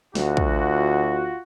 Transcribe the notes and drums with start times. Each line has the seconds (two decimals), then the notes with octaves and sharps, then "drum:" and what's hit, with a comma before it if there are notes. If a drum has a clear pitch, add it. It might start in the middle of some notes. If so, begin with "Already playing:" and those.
0.15 D2 F4 F#4, drum: snare
0.37 drum: kick